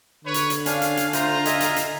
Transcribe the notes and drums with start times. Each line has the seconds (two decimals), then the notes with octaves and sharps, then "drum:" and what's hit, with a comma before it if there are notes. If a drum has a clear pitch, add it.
0.25 D3 B4 C#5
0.34 drum: hi-hat
0.50 drum: hi-hat
0.66 C#4 D4 F5 G#5, drum: hi-hat
0.82 drum: hi-hat
0.97 drum: hi-hat
1.13 A3 F4 C5 A#5, drum: hi-hat
1.46 D#5 E5 G#5, drum: hi-hat
1.61 drum: hi-hat
1.76 drum: hi-hat